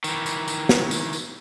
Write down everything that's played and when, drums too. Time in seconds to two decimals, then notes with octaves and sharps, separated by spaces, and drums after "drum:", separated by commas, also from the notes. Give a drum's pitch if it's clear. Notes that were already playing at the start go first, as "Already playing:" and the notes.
0.04 D#3 E3, drum: tambourine
0.26 drum: tambourine
0.48 drum: tambourine
0.69 drum: snare
0.91 drum: tambourine
1.13 drum: tambourine